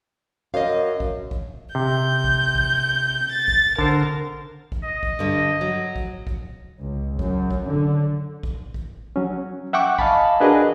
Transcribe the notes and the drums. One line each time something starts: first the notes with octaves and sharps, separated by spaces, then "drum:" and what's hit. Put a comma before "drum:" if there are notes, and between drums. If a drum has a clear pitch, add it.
F#2 D#5 F5
drum: kick A1
drum: kick A1
C3 G6
drum: kick A1
drum: kick A1
A6
drum: kick A1
D3 A#4 C5, drum: kick A1
drum: kick A1
D#5
drum: kick A1
G2 D3 G3
F#3
drum: kick A1
drum: kick A1
C#2
F#2, drum: kick A1
drum: kick A1
D3
drum: kick A1
drum: kick A1
F#3 C#4
E5 F#5 G5 C#6 D6
D#5 F5 G#5 A5 B5, drum: kick A1
D4 F#4 G#4 A#4 B4 D#5